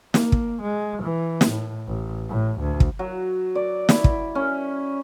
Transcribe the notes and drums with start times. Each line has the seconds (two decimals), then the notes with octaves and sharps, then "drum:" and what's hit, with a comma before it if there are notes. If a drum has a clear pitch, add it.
0.14 A#3, drum: snare
0.32 drum: kick
0.62 G#3
1.03 E3
1.41 drum: snare
1.50 A2
1.87 A1
2.29 A2
2.60 D2
2.80 drum: kick
2.99 F#3
3.55 D5
3.89 E4, drum: snare
4.04 drum: kick
4.35 C#4